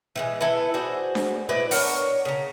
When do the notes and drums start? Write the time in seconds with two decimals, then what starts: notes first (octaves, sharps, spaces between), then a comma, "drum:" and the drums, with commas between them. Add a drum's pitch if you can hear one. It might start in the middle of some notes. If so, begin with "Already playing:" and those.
0.16 E3 G3 G#3
0.41 E4 A4 B4
0.74 F#4 G#4 C5 D5
1.15 drum: snare D4
1.49 D#4 E4 B4 D5
1.71 D4 A#4 C#5 F#5, drum: open hi-hat
2.25 C#3 A#5